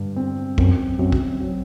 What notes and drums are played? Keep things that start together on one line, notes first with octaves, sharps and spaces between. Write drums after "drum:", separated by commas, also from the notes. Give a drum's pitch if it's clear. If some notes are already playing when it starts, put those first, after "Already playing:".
Already playing: G2 D3
C4
F#2 C4, drum: kick
F#2 C4
drum: kick
F#3